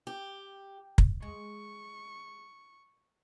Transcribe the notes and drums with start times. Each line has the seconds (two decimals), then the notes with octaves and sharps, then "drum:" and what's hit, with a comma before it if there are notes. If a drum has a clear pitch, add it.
0.07 G4
0.98 drum: kick
1.22 G#3 C#6